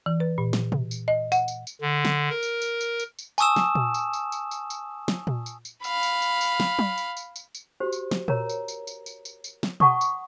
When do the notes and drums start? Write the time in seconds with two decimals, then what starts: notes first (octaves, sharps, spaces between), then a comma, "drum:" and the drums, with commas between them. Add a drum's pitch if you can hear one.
0.06 E3
0.20 B4
0.38 A#2
0.53 drum: snare
0.72 drum: tom B2
0.91 drum: tambourine
1.08 D#5
1.32 F#5, drum: tambourine
1.48 drum: tambourine
1.67 drum: tambourine
1.81 D3
2.05 drum: snare
2.30 A#4
2.43 drum: tambourine
2.62 drum: tambourine
2.81 drum: tambourine
3.00 drum: tambourine
3.19 drum: tambourine
3.38 G#5 A5 C#6 D#6 E6 E7, drum: tambourine
3.56 drum: snare
3.75 drum: tom A#2
3.94 drum: tambourine
4.13 drum: tambourine
4.32 drum: tambourine
4.51 drum: tambourine
4.70 drum: tambourine
5.08 drum: snare
5.27 drum: tom A#2
5.46 drum: tambourine
5.65 drum: tambourine
5.84 F5 B5, drum: tambourine
6.03 drum: tambourine
6.22 drum: tambourine
6.41 drum: tambourine
6.60 drum: snare
6.79 drum: tom
6.98 drum: tambourine
7.17 drum: tambourine
7.36 drum: tambourine
7.55 drum: tambourine
7.80 F#4 G4 C5
7.92 drum: tambourine
8.11 drum: snare
8.28 A#4 C#5 A#5, drum: tom A#2
8.49 drum: tambourine
8.68 drum: tambourine
8.87 drum: tambourine
9.06 drum: tambourine
9.25 drum: tambourine
9.44 drum: tambourine
9.63 drum: snare
9.80 F#5 A5 C#6 D#6, drum: tom B2
10.01 drum: tambourine